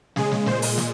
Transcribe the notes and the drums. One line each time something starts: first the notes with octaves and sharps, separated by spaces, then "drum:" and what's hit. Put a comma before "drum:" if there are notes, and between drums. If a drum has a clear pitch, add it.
C#3 G#3 G#4, drum: snare
drum: snare
A#2 G#3 C5, drum: snare
drum: open hi-hat
drum: snare